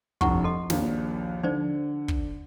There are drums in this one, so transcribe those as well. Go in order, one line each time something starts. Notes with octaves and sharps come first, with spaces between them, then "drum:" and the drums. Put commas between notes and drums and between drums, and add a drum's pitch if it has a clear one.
F1 G2 F3 E4 F#5 C#6, drum: kick
A4 D#5 C6
A#1 D#2 A#2, drum: snare
D3 D#4 C5 D5
drum: kick